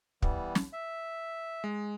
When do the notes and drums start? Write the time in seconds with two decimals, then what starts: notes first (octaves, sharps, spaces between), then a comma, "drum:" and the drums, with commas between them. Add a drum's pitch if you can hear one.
0.22 E3 G3 B3, drum: kick
0.55 drum: snare
0.73 E5
1.64 G#3